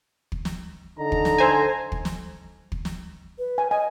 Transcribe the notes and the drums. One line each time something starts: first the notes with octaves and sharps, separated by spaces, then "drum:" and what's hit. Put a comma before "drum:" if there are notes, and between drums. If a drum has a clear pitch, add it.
drum: kick
drum: snare
D3 D#4 A#5
drum: kick
drum: snare
A4 C5 G#5
drum: kick
drum: snare
drum: kick
drum: snare
B4
G#5
D#5 G#5